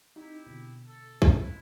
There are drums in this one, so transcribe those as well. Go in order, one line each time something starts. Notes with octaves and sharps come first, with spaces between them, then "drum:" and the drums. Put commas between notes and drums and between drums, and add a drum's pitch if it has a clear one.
C4 D#4 E4 G4
B2 D3
A4
drum: kick
G#3 E4